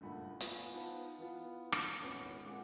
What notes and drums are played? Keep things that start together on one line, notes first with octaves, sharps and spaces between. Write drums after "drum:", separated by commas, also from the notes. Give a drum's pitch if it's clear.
F#1 G2 A#2 A3 F#5 B5
B3 F4 G#5, drum: hi-hat
B3 D#4 F4 B4 C5 A5
E3 B3 F4
drum: rim click
D#1 G#1 B3 C#4
A#2 G#3 C4 F#5 D6